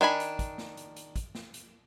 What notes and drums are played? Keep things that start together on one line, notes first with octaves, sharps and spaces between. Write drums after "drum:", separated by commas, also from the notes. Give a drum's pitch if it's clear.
D#3 D4 G#5 B5
drum: hi-hat
drum: kick, hi-hat
drum: snare
drum: hi-hat
drum: hi-hat
drum: kick, hi-hat
drum: snare
drum: hi-hat